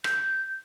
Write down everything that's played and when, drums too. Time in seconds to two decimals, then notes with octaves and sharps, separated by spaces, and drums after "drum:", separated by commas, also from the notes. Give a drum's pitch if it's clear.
0.04 G6, drum: rim click